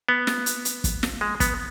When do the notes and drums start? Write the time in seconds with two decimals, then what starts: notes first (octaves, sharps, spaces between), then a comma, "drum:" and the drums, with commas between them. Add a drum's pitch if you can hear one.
0.09 B3
0.27 drum: snare
0.46 drum: hi-hat
0.65 drum: hi-hat
0.84 drum: kick, hi-hat
1.03 drum: snare
1.21 G#3
1.40 B3, drum: kick, hi-hat